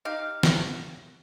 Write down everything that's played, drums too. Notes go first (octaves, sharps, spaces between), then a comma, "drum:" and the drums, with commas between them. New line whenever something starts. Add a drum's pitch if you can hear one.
D#4 G4 F5
drum: snare